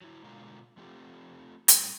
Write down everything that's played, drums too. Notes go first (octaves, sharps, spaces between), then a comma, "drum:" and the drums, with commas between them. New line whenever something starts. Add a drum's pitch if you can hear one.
F#3 E4
B2 D3 G#3 A#3 F4 A#5
F3 A3 C4 F4 G4
A2 G3 A3 C4 F#4 G5, drum: hi-hat